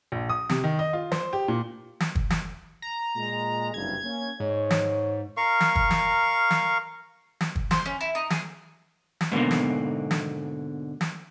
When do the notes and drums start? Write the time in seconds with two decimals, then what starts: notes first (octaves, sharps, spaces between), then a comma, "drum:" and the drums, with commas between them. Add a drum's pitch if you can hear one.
0.12 A#1
0.29 D#6
0.49 C3, drum: snare
0.64 D#3
0.79 D#5
0.93 F4
1.12 C5, drum: snare
1.33 G4
1.48 A#2
2.00 drum: snare
2.15 drum: kick
2.30 drum: snare
2.82 A#5
3.16 A#2 G#3
3.74 F#1 C2 G2 G#6
4.04 A#3 C#4
4.40 G#2 C#5
4.70 drum: snare
5.37 A#4 F5 C#6
5.61 drum: snare
5.76 drum: kick
5.91 drum: snare
6.51 drum: snare
7.41 drum: snare
7.56 drum: kick
7.71 C5, drum: snare
7.86 C#4
8.01 E4
8.15 D#4
8.30 G#4, drum: snare
9.21 drum: snare
9.32 G#2 B2 D3 A#3
9.51 drum: snare
10.11 drum: snare
11.01 drum: snare